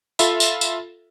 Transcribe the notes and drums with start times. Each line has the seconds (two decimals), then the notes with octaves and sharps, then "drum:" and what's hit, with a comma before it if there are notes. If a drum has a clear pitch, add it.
0.19 F4 A4 E5 B5, drum: tambourine
0.40 drum: tambourine
0.61 drum: tambourine